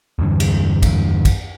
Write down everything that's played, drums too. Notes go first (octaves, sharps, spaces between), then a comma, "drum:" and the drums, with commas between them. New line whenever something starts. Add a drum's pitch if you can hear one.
E2 G2 D3
drum: cymbal
drum: kick, cymbal
drum: kick, cymbal